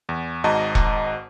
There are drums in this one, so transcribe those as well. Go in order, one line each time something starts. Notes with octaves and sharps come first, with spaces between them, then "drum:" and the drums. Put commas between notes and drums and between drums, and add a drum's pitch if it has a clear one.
E2
G#1 G#2 F#4 D#5 A5 A#5
drum: kick E1